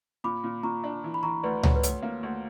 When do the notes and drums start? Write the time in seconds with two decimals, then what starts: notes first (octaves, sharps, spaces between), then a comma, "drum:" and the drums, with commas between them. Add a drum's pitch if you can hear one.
0.24 A#2 B5 D6
0.44 A#2
0.63 A#2 A#5 C#6
0.84 D4
1.04 E3
1.14 B5
1.23 E3 A#5 C#6
1.43 D2 B4 D5
1.63 D2 C#5, drum: tom C#2
1.76 B4
1.83 D2 C#5, drum: hi-hat
2.03 A#3
2.23 D2